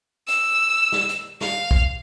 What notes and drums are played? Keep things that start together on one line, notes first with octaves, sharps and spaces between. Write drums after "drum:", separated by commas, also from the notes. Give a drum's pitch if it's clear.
E6, drum: hi-hat
drum: snare
drum: hi-hat
F5, drum: snare
drum: kick